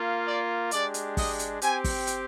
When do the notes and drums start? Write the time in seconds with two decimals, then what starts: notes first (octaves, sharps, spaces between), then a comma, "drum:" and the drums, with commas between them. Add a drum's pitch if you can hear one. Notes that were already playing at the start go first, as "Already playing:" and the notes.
Already playing: A#3 F4
0.26 D5
0.71 G#3 D4 G4 D5, drum: hi-hat
0.94 drum: hi-hat
1.17 D#5, drum: kick, open hi-hat
1.39 drum: hi-hat
1.62 C4 G4 G#5, drum: hi-hat
1.84 drum: kick, open hi-hat
2.07 drum: hi-hat